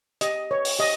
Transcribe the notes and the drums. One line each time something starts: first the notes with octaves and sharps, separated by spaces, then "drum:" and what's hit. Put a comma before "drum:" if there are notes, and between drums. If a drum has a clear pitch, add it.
G4 D#5, drum: hi-hat
B4 C#5
drum: open hi-hat
G4 D#5